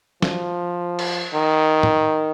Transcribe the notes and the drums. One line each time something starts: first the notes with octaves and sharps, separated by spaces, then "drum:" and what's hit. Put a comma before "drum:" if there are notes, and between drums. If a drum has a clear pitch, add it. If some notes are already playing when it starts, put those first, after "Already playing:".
F3, drum: snare
drum: cymbal
D#3
drum: tom